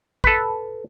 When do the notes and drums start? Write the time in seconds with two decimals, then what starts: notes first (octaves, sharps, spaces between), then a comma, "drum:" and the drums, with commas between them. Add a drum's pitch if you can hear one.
0.24 A4 B4, drum: kick